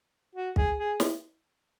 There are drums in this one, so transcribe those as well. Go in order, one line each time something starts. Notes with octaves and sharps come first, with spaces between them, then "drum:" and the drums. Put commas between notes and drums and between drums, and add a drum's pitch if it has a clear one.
F#4
G#4, drum: kick
G#4
drum: snare